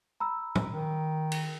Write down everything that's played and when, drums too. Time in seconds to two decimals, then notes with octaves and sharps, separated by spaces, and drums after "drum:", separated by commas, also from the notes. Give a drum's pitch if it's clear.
0.20 A#5 B5 E6
0.55 drum: tom A2
0.68 D#3
1.32 drum: cymbal